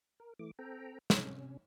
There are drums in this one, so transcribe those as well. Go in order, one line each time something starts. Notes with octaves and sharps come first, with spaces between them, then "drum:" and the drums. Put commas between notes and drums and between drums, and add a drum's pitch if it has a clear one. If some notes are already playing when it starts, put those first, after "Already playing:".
A#4
E3 A3 D6
C4 A4 G5 A#5
C3 C#4, drum: snare